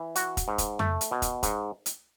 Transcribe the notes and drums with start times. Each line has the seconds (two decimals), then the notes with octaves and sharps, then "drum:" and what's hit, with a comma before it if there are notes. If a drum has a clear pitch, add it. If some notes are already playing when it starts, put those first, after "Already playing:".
Already playing: E3
0.16 F#4, drum: hi-hat
0.37 drum: kick, hi-hat
0.48 G#2
0.58 drum: kick, hi-hat
0.79 A3, drum: tom F2
1.01 drum: hi-hat
1.11 B2
1.22 drum: kick, hi-hat
1.43 G#2, drum: kick, hi-hat
1.86 drum: hi-hat